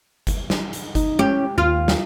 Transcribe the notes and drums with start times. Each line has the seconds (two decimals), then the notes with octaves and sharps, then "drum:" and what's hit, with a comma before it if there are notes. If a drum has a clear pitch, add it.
0.27 drum: kick G1, hi-hat
0.50 drum: snare
0.73 drum: hi-hat
0.95 D#4, drum: kick G1, hi-hat
1.19 C#4 G4, drum: tom G#3
1.58 D#2 F4
1.88 drum: snare